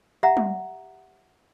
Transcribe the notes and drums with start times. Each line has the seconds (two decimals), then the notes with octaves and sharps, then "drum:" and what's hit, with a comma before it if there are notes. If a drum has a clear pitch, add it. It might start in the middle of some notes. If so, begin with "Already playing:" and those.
0.23 G4 E5 F#5 A#5
0.37 drum: tom